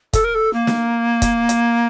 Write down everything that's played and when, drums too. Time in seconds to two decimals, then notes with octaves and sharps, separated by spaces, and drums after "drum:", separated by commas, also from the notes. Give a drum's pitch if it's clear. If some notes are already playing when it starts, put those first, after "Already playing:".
0.13 A4, drum: kick, hi-hat
0.24 A#4
0.35 A4
0.53 A#3
0.67 drum: snare
1.22 drum: kick, hi-hat
1.49 drum: hi-hat